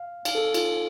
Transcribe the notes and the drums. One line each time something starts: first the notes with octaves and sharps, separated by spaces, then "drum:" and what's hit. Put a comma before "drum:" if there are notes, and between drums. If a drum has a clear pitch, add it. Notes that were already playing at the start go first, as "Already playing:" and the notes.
Already playing: F5
F5, drum: cymbal
A4
F4, drum: cymbal